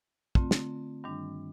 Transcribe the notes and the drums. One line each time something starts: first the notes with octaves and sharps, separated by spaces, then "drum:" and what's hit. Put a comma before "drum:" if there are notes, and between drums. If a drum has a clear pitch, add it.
D3 A3 C4 F4, drum: kick
drum: snare
G2 D#3 G3 D4